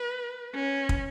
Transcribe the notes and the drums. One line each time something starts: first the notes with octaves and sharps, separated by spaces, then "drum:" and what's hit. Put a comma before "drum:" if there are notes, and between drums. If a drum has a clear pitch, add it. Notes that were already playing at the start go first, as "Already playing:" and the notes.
Already playing: B4
C#4
drum: kick